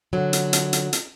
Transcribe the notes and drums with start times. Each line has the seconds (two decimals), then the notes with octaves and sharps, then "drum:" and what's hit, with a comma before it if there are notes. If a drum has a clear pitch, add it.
0.13 D3 F#3
0.33 drum: hi-hat
0.53 drum: hi-hat
0.73 drum: hi-hat
0.93 drum: hi-hat